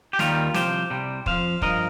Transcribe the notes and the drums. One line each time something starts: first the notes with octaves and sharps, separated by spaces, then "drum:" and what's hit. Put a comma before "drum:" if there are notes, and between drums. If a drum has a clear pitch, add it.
G4
D#2 D#3 G3 F4 A#4, drum: snare
C2 C3 F3 G4 C5, drum: snare
C2 C3 G3
F2 F3 C5 F5, drum: kick
G2 F3 A#4 D#5, drum: kick